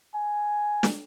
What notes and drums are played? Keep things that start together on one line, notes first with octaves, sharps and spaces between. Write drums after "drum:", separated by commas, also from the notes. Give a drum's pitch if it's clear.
G#5
drum: snare